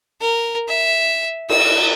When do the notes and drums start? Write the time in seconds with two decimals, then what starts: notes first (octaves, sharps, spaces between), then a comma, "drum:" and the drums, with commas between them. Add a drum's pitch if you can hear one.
0.21 A#4
0.68 E5
1.50 E6, drum: cymbal